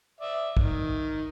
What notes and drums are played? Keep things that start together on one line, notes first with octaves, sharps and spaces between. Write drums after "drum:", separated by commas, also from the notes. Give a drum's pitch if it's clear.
D5 E5
D#3, drum: kick